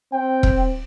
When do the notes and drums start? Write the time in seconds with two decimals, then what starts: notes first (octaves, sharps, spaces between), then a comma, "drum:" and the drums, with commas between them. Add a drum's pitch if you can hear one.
0.13 C4 G5
0.43 drum: kick E1